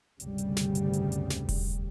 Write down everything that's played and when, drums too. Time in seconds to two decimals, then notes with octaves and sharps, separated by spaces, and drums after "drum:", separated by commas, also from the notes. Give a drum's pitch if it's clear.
0.20 F1 D2 G2 C#3 G3, drum: hi-hat
0.38 drum: hi-hat
0.57 drum: snare
0.75 drum: hi-hat
0.93 drum: hi-hat
1.12 drum: hi-hat
1.30 drum: snare
1.49 drum: kick E1, open hi-hat